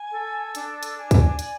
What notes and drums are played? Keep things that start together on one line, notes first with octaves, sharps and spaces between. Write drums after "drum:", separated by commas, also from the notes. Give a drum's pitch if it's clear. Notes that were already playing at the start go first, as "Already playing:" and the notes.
Already playing: G#5
A4
D4, drum: hi-hat
drum: hi-hat
G#5
drum: kick, hi-hat
D5, drum: hi-hat